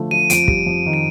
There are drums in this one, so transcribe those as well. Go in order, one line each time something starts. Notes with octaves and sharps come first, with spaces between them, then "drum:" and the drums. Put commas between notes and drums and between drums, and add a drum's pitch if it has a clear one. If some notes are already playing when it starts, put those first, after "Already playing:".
Already playing: D3 F3 A3
F3 D#7
F2 D7, drum: hi-hat
G3, drum: kick
F2
D#3
D7